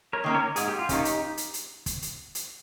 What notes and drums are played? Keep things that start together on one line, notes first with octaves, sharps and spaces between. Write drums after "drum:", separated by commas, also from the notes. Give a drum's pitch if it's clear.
A#4 C#5
D#3 A#3 C#4
A#4 C#5
G#2 G#4, drum: hi-hat
G4
F4
D#3 A#3 C#4 D#4 G4, drum: kick, hi-hat
drum: hi-hat
drum: hi-hat
drum: hi-hat
drum: kick, hi-hat
drum: hi-hat
drum: hi-hat